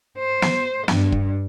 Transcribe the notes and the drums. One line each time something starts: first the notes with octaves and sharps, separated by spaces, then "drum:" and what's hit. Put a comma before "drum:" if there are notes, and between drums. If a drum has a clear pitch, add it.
C5
drum: snare
G2, drum: snare
drum: kick